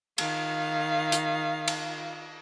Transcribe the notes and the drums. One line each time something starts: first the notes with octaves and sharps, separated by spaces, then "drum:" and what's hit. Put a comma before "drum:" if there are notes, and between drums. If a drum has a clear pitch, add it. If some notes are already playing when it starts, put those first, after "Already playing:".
D#3 F5, drum: cymbal
drum: hi-hat
drum: cymbal